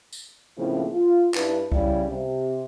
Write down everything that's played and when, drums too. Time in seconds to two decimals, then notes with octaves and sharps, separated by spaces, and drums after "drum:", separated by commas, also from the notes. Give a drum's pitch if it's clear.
0.13 drum: tambourine
0.57 A2 C#3 F3 A#3 C4 E4
0.93 F4
1.34 G2 D4 E4 B4, drum: clap
1.72 C#3 G3 E4, drum: kick C2
2.10 C3